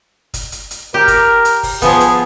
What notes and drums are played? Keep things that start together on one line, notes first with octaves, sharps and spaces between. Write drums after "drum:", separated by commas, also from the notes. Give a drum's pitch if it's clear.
drum: kick, hi-hat
drum: hi-hat
drum: hi-hat
G4 A#4
drum: kick, hi-hat
drum: hi-hat
drum: kick, open hi-hat
F3 B3 G#4, drum: kick, hi-hat
drum: hi-hat